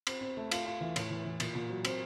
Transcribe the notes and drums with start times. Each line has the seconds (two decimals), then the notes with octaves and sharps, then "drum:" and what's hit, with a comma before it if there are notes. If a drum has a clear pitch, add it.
0.07 C4, drum: cymbal
0.21 C4
0.37 A3
0.51 F4, drum: cymbal
0.66 F4
0.81 E3
0.96 A2, drum: cymbal
1.11 E3
1.25 E3
1.40 A#2, drum: cymbal
1.55 A#2
1.69 F#3
1.85 C4, drum: cymbal